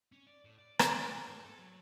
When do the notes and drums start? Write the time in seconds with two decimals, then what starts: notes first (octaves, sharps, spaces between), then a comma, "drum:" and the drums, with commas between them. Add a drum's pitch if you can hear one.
0.12 C#4
0.27 D5
0.45 A2
0.59 D5
0.79 G#4, drum: rim click
0.93 G5
1.11 G5
1.28 G#2
1.45 A4
1.59 F#3